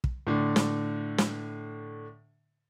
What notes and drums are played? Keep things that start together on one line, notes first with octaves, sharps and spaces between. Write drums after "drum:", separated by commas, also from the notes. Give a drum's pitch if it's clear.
drum: kick
A2 D3
drum: snare
drum: snare